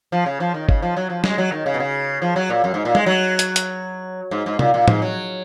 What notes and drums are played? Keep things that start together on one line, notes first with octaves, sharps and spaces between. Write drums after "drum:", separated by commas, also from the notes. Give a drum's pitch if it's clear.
F3
C#3
F3
D#3
C#3, drum: kick G1
F3
F#3
F3
G#3, drum: snare
F#3
D#3
C#3
B2
C#3
F3
F#3
A#2
F#2
G#2
A#2
G#3, drum: tom
F#3
drum: hi-hat
drum: hi-hat
G#2
G#2
A#2, drum: tom C3
A#2
G#2, drum: tom A2
F#3